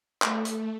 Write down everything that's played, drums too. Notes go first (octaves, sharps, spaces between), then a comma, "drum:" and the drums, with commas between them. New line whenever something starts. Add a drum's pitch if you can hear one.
A3, drum: clap
drum: hi-hat